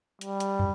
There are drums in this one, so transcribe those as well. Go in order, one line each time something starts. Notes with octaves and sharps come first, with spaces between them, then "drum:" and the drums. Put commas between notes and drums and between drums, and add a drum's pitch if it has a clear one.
G3, drum: hi-hat
drum: hi-hat
drum: tom